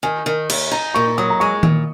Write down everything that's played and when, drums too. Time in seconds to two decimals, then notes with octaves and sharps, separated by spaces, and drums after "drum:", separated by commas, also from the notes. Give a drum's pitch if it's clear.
0.03 D#3 G#5
0.26 D#3
0.50 D#2, drum: cymbal
0.71 D#4 A#5
0.94 A#2 C#6
1.18 F#3 D#6
1.30 A#5
1.40 G#3 C#6
1.63 A#2, drum: tom D#3